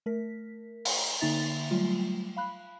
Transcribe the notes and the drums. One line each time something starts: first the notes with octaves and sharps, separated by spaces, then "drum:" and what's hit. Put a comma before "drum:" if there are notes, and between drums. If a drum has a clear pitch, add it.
A3 A#4 B6
drum: open hi-hat
D3 A#3 D#4 E5 A6 F7
F#3 G3 A3 F4
F5 B5 F#6